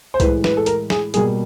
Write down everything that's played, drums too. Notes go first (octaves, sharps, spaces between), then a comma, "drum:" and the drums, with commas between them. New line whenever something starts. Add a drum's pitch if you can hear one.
C5
A2 E3 G#3 B4, drum: kick C2, hi-hat
B4, drum: snare
A4
A#4, drum: hi-hat
G#4, drum: snare
B2 G3 A#3 G#4, drum: hi-hat